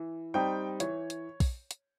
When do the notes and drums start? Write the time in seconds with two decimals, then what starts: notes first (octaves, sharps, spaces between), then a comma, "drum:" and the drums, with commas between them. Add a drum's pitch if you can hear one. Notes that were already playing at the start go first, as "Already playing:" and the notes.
Already playing: E3
0.34 G3 C4 D#4 G5
0.80 E3 C#5, drum: hi-hat
1.10 drum: hi-hat
1.40 drum: kick, open hi-hat
1.71 drum: hi-hat